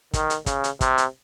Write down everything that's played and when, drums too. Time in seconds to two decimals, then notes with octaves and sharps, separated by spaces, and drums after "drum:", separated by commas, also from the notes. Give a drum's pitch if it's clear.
0.14 D#3, drum: kick, hi-hat
0.30 drum: hi-hat
0.46 C#3, drum: kick, hi-hat
0.64 drum: hi-hat
0.81 C3, drum: kick, hi-hat
0.98 drum: hi-hat